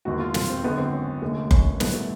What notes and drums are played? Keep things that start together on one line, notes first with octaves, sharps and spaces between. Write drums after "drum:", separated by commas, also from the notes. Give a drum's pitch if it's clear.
E1 D#2 D#3 F#4
F4
F4, drum: snare
C4
G#1 F#2 D3 B3
C4
C#4
F1 D#2 D3
C#4, drum: kick F#1
A1 G2 D#3 B3, drum: snare
A3